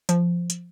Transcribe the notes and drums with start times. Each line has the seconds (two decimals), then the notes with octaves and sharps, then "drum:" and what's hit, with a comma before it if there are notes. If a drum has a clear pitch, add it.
0.09 F3, drum: hi-hat
0.50 drum: hi-hat